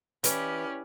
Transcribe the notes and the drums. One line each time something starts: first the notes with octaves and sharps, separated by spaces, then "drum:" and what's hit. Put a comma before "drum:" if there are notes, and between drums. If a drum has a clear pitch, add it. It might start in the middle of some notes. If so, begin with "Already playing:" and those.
E3 C#4 G4 D5, drum: hi-hat